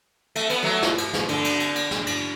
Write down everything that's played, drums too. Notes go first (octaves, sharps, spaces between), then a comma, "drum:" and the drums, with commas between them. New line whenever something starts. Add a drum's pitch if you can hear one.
A3, drum: cymbal
B3, drum: cymbal
F#3 A3
drum: snare
drum: cymbal
drum: snare
D3, drum: cymbal
drum: cymbal
drum: cymbal
drum: cymbal
drum: snare
drum: cymbal